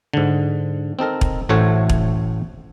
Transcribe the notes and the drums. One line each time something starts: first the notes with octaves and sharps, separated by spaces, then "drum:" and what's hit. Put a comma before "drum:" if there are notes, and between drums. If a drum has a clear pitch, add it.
G#2 D3
C4 D#4 A4 A#4
drum: kick
A1 A2 A3 F#4 C5 C#5
drum: kick